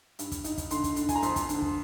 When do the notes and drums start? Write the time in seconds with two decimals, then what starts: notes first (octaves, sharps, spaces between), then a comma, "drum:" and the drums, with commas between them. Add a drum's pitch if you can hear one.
0.19 G2, drum: hi-hat
0.31 drum: kick, hi-hat
0.44 D#4, drum: hi-hat
0.58 drum: kick, hi-hat
0.70 D3 C6, drum: hi-hat
0.84 drum: kick, hi-hat
0.96 D3, drum: hi-hat
1.09 G#5, drum: kick, hi-hat
1.15 A#5
1.22 F2 C6, drum: hi-hat
1.36 drum: kick, hi-hat
1.49 D3, drum: hi-hat
1.62 drum: kick